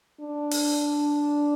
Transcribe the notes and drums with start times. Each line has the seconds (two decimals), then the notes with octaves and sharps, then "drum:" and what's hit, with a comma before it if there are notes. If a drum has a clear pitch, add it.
0.21 D4
0.51 drum: open hi-hat